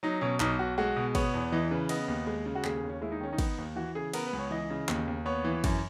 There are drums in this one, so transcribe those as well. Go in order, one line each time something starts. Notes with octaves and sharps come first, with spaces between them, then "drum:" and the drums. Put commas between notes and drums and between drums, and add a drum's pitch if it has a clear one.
F#3 D#4
B2 C#4
B1 D#4, drum: clap
B1 F#4
G#3 F#4
B2
B3 C#5, drum: kick, cymbal
E2
E3 D#5
C#3 B4
B3 D#5, drum: cymbal
D#2
G#3
C#3
F#4
D#2 G#4, drum: clap
G#4
D#2
C#4
G#3 E4
D#4
D#3 C#4
D#4
B3, drum: kick, cymbal
D#2
E3 F#4
C#3 G#4
B3 A#4, drum: cymbal
B4
C#2
C#5
E3 D#5
C#3
D#2, drum: clap
D#2
B3 C#5
E3
F#2, drum: kick, cymbal